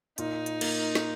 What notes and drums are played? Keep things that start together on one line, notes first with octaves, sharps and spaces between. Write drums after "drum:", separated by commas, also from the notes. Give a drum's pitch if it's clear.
A#2 D#4, drum: hi-hat
drum: hi-hat
A#3, drum: cymbal
drum: snare